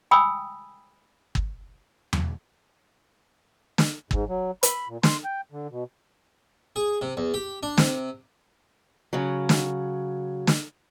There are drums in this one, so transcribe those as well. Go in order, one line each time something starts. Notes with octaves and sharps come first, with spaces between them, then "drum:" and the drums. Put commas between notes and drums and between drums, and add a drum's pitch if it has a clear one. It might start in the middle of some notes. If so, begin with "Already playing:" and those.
G5 G#5 B5 D#6 E6
drum: kick
drum: tom E2
drum: snare
G#2, drum: kick
F#3
B5, drum: hi-hat
A#2
C6, drum: snare
G5
D3
B2
G#4
C3
E2
G4
D4
C3, drum: snare
C#3 F#3
drum: snare
drum: snare